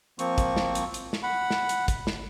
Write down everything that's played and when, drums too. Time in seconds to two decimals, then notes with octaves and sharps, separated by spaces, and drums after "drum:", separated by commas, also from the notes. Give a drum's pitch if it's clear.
0.19 F3 A#3 C4 C#6, drum: hi-hat
0.38 drum: kick, hi-hat
0.57 drum: snare
0.75 drum: hi-hat
0.94 drum: hi-hat
1.13 drum: snare
1.23 F#5 B5
1.50 drum: snare
1.69 drum: hi-hat
1.88 drum: kick, hi-hat
2.07 drum: snare